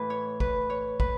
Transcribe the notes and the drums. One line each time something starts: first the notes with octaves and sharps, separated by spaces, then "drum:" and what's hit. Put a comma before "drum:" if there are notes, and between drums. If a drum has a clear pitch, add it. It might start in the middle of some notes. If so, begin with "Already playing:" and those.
Already playing: A2 E3 B4
C#5
B4, drum: kick
C#5
B4, drum: kick